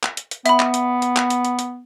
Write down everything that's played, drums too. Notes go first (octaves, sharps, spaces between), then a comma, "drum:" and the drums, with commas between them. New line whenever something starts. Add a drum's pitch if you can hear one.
drum: clap
drum: hi-hat
drum: hi-hat
B3 E5 B5, drum: hi-hat
drum: clap
drum: hi-hat
drum: hi-hat
drum: clap
drum: hi-hat
drum: hi-hat
drum: hi-hat